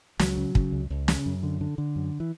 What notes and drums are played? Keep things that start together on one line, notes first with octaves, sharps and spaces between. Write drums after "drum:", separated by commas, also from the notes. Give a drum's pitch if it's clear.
C#2 F#3, drum: snare
C#3
C#3, drum: kick
C#2
C#2
C#3, drum: snare
F#2
D3
D3
D3
F#2
E3